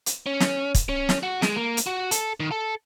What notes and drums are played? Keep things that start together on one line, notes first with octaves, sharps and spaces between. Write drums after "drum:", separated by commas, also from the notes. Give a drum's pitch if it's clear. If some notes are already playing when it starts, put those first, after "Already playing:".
drum: hi-hat
C#4
drum: snare
drum: kick, hi-hat
C#4
drum: snare
F#4
G#3, drum: snare
A#3
drum: hi-hat
F#4
A4, drum: hi-hat
D#3
A4